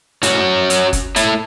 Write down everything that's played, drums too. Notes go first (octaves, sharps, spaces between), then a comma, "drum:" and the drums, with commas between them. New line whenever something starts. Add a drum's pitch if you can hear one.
A2 C#4 F#4, drum: hi-hat
F#3, drum: hi-hat
drum: kick F#1, hi-hat
A2 E4 A4, drum: hi-hat